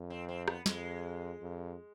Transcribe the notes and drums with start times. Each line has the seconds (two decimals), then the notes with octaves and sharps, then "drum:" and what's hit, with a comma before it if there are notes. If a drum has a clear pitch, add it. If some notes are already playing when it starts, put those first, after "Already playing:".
Already playing: F2
0.10 C4
0.29 C4
0.48 B3, drum: rim click
0.66 F2 G#3, drum: snare
1.42 F2